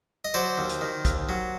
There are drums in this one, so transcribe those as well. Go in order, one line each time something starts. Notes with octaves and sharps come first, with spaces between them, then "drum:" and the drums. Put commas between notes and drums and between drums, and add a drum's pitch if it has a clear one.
D#5
F#3 C5 D5
D#2
drum: hi-hat
D#3
D#2, drum: kick, hi-hat
F#3